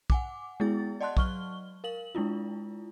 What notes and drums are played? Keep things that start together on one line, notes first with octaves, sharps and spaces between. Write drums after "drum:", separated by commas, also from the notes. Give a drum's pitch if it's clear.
F#5 G#5 D6, drum: kick
G#3 B3 E4 G#4 A6
D5 D#5 F#5 A5 C6 F#6
F#3 C#6 F6 G7, drum: kick
A#4 F5 F#7
G#3 D4 E4 F4